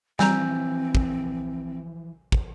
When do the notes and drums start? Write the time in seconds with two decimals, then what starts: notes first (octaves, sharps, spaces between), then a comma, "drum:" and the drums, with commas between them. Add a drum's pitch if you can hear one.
0.19 E3 F3 G3 C4 G#5 A#5 E6 G6, drum: snare
0.95 drum: kick
2.32 drum: kick